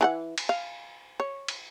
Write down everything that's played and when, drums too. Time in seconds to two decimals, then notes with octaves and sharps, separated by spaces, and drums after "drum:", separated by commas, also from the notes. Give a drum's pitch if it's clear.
0.01 E3 A4 F#5
0.38 drum: cymbal
0.49 F5
1.20 C#5
1.48 drum: cymbal